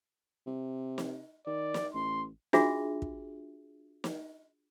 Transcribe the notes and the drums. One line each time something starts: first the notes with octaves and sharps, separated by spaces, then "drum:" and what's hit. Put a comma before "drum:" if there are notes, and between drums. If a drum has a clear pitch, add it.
C3
drum: snare
D#3 D5
drum: snare
A1 C6
D4 F4 F#4 G#4 E5, drum: snare
drum: kick
drum: snare